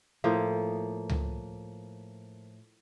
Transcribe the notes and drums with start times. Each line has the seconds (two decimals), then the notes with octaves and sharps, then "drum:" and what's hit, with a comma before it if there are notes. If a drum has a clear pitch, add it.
0.24 A2 F3 A#3
1.09 drum: tom C#2